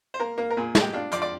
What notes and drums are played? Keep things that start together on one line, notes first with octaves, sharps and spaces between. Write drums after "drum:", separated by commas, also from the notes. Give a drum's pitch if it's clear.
C5
A#3 A#4
A#3
A#4
A#2 G#4
G#3, drum: snare
G4
D4 F4
F3 D5, drum: hi-hat
D5